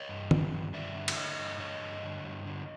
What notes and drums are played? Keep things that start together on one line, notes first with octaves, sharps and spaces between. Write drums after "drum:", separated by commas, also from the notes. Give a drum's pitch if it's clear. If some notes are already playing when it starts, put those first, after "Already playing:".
Already playing: C#5 D#5
G2
D3, drum: tom
G2
G2 D5 E5
D3
drum: cymbal
D3 C#5 D#5
G2
D3 C#5 D#5
G2
D3
G2
D3